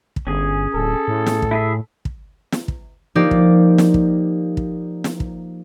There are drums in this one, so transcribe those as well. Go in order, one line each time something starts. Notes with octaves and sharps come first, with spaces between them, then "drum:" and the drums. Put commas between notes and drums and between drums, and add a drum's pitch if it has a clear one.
drum: kick
G1 C#4 G#4
D1 A4
A2
drum: snare
drum: kick
E4 G#4 E5
drum: kick
drum: snare
drum: kick
F3 A#3 D#4 G4 D5
drum: kick
drum: snare
drum: kick
drum: kick
drum: snare
drum: kick